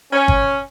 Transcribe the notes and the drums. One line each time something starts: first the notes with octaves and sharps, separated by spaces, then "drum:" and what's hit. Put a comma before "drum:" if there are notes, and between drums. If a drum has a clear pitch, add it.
C#4
drum: kick G1